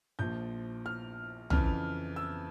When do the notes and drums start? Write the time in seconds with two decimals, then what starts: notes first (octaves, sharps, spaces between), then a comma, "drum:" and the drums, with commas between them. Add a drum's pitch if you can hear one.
0.19 A#1 A#2 F3 G6
0.86 F6
1.50 F2 C#3 E3 F6, drum: tom
2.16 E6